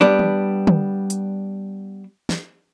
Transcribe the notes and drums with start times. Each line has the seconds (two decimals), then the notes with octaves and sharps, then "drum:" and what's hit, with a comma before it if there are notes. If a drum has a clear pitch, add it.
0.01 G3 B3 D4
0.19 drum: tom
0.67 drum: tom
1.10 drum: hi-hat
2.29 drum: snare